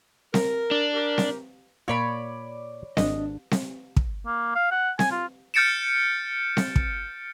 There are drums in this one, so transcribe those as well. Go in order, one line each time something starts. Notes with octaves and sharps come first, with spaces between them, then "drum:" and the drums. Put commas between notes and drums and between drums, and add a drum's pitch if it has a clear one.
A#4, drum: snare C4
D4
G4 A#4
drum: snare C4
A#2 F4 C#5 D5 B5
G#1 D4 D#5, drum: snare C4
drum: snare C4
drum: kick
A#3
F5
F#5
G#5, drum: snare C4
F4
F6 G6 A6 C#7 D7 E7
drum: snare C4
drum: kick